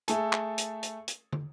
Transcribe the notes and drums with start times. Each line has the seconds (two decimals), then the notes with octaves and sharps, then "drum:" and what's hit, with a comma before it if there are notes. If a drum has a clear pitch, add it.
0.08 A3 G#4 A4, drum: hi-hat
0.33 drum: clap
0.58 drum: hi-hat
0.83 drum: hi-hat
1.08 drum: hi-hat
1.33 drum: tom